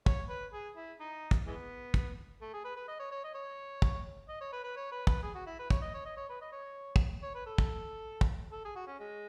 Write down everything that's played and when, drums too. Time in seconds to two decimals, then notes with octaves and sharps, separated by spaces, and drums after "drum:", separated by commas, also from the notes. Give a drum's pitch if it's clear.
0.06 C#5, drum: kick
0.29 B4
0.53 G#4
0.77 E4
1.00 D#4
1.31 drum: kick
1.46 E3 G#3 B3
1.94 drum: kick
2.41 A3
2.53 G#4
2.64 B4
2.76 B4
2.88 D#5
3.00 C#5
3.11 C#5
3.24 D#5
3.35 C#5
3.82 drum: kick
4.29 D#5
4.41 C#5
4.53 B4
4.64 B4
4.77 C#5
4.92 B4
5.07 B4, drum: kick
5.23 G#4
5.35 F#4
5.47 E4
5.59 B4
5.70 C#5, drum: kick
5.82 D#5
5.94 C#5
6.06 D#5
6.17 C#5
6.29 B4
6.41 D#5
6.52 C#5
6.96 drum: kick
7.23 C#5
7.35 B4
7.47 A4
7.58 drum: kick
8.21 drum: kick
8.52 A4
8.65 G#4
8.76 F#4
8.87 C#4
9.00 G#3